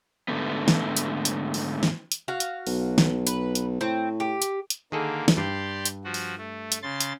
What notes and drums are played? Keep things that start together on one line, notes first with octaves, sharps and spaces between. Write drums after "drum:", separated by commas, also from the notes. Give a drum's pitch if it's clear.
G#2 D3 A3 B3
drum: snare
drum: hi-hat
drum: hi-hat
drum: open hi-hat
drum: snare
drum: hi-hat
F#4 F5
drum: hi-hat
B1, drum: open hi-hat
drum: snare
B4, drum: hi-hat
drum: hi-hat
A2 C4
G4
drum: hi-hat
drum: hi-hat
D3 D#3 A#3 G#4 A4
drum: snare
G2 G4 D5 C6
drum: hi-hat
F3 F#4
drum: open hi-hat
A3
drum: hi-hat
C#3 C6 A6
drum: hi-hat